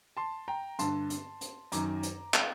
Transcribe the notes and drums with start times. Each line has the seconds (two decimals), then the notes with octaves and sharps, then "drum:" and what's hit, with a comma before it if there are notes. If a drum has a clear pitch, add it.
0.17 A5 C6
0.48 G5 A#5
0.79 G2 D3 A5 C6, drum: hi-hat
1.10 drum: hi-hat
1.41 drum: hi-hat
1.72 F#2 D#3 A#5 D6, drum: hi-hat
2.03 drum: hi-hat
2.34 drum: clap